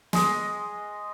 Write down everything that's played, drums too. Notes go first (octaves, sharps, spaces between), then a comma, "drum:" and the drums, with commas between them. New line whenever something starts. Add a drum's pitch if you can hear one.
G#3 D#5, drum: snare